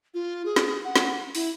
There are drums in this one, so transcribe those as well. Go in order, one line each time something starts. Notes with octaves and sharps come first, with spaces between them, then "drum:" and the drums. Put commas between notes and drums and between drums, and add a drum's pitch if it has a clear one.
F4
G#4
drum: snare
F#5
drum: snare
E4, drum: open hi-hat